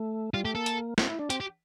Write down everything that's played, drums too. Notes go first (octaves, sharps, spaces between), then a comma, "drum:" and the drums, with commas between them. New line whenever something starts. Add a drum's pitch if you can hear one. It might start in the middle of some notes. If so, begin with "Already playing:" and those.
Already playing: A3
G3 F4
A3 G4
A#3 A4
drum: hi-hat
C4, drum: snare
E4
D4
C4 G4, drum: hi-hat
G4